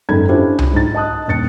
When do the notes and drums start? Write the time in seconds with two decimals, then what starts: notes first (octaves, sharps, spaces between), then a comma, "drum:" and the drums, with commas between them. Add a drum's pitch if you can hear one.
0.09 F#1 G#2 D#4 A4 B5 G#6
0.29 C#4 D4 E4 F4 G4 C5
0.59 drum: tom C2
0.73 G#2 D#4 A6
0.94 D#5 A5 D#6 F#6
1.28 D#1 A6 C#7